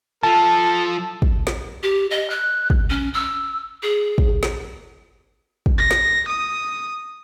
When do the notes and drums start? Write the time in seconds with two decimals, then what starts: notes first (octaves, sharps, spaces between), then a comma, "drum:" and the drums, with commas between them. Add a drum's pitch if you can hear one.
0.23 F3 A4 A5
1.22 drum: kick
1.47 drum: snare
1.83 G4
2.11 D#5
2.30 F#6
2.70 drum: kick
2.90 C#4
3.14 E6
3.83 G#4
4.18 drum: kick
4.43 drum: snare
5.66 drum: kick
5.78 A#6
5.91 drum: snare
6.28 D#6